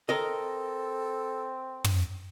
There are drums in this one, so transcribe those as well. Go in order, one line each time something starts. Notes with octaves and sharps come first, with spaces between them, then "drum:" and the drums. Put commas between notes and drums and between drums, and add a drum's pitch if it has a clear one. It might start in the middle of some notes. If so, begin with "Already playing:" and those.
C4 A4 A#4 D#5
drum: tom